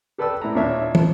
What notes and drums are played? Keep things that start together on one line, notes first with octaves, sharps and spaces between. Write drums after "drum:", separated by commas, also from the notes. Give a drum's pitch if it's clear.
G4 A4 B4 D5 G5 E6
A2 E4 D5 A#5
D#2 A#2 D4 E4 C#5 E5
F3, drum: tom